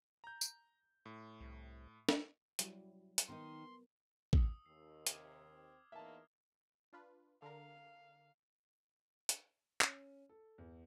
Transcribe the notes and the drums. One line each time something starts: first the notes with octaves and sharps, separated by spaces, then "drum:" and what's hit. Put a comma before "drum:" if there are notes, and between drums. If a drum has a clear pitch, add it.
A#5 G6
drum: tambourine
A2
C2
drum: snare
F#3 G3 E4, drum: hi-hat
drum: hi-hat
D#3 B3 D#4 A#4 C6
D#6 E6, drum: kick
D#2 C7
C3 D6 F6 G#6, drum: hi-hat
C4
E2 A#3 D#4 A#4 E5 A5 F6
D4 F4 B4
D3 D4 A#4 F5
drum: hi-hat
C#4, drum: clap
A4
E2